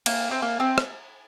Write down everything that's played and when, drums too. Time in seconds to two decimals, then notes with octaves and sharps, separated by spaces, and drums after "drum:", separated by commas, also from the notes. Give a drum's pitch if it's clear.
0.06 A#3, drum: cymbal
0.31 C4
0.42 A#3
0.60 C4
0.78 drum: rim click